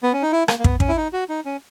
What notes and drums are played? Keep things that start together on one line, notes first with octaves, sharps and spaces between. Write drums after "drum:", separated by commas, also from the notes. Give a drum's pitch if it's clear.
B3
C#4
D#4
E4
A#3, drum: rim click
A#3
B3, drum: kick
C#4, drum: kick
E4
D#4
F#4
D#4
C#4